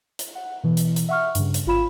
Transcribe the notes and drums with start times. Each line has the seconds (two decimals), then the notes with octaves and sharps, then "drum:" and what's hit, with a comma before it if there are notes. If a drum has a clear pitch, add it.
0.19 drum: hi-hat
0.35 F#5
0.64 B2 E3
0.77 drum: hi-hat
0.96 drum: hi-hat
1.09 E5 F#5 C#6 F6
1.35 G2 C#3, drum: hi-hat
1.54 drum: hi-hat
1.66 G#1 F4 B5 E7